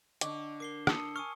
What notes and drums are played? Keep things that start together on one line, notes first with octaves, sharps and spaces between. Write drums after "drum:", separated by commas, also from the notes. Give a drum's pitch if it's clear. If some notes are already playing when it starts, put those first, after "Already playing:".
D3 D4 D#5 C#6 D6, drum: hi-hat
A#4 D6 C7 G7
A5 D#6 E6 C#7, drum: rim click
G#5 C#6 D#6 F6